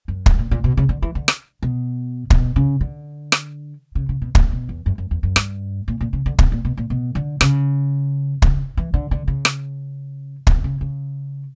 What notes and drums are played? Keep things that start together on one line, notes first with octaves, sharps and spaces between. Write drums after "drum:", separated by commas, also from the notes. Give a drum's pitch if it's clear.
F#2
G2, drum: kick
A#2
A#2
B2
C#3
D3
E3
D3
drum: rim click
B2
B2, drum: kick
C#3
D3
drum: rim click
C#3
C#3
B2
A#2, drum: kick
B2
E2
F#2
F#2
E2
F#2
G2, drum: rim click
A#2
A#2
C#3
D3
B2, drum: kick
A#2
B2
A#2
B2
D3
C#3, drum: rim click
C#3, drum: kick
E3
D3
D3
C#3
drum: rim click
B2, drum: kick
C#3
C#3